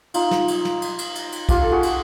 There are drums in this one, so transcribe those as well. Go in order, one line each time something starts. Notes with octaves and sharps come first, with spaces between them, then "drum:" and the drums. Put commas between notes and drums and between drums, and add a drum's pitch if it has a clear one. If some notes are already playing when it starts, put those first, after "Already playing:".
D#4 F4, drum: cymbal
drum: snare
drum: cymbal
drum: snare
drum: cymbal
drum: cymbal
drum: cymbal
drum: cymbal
F4 G4, drum: kick, cymbal
A4
F#4 G#4
drum: cymbal